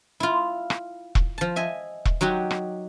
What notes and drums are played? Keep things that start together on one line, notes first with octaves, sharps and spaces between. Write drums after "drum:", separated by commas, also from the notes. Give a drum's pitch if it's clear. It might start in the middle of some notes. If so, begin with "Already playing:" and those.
E4 F4
drum: rim click
drum: kick E1
F3 A5
D#5 E5 G#5
drum: kick E1
F#3 D#4 F#4 G4
drum: rim click